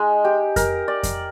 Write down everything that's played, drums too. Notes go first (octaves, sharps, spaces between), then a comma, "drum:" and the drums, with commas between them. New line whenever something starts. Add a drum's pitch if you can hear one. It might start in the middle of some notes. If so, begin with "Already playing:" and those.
Already playing: G#3 D#4
G4
A#4, drum: kick F2, hi-hat
D5
drum: kick F2, hi-hat